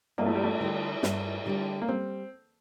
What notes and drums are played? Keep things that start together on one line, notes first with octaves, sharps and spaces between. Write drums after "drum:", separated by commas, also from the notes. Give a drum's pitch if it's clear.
G2 A#3, drum: cymbal
A3
G3
A3
D3 G3 D4 G4
G2, drum: snare
D3 G3 D4 G4
A#3
G3 C4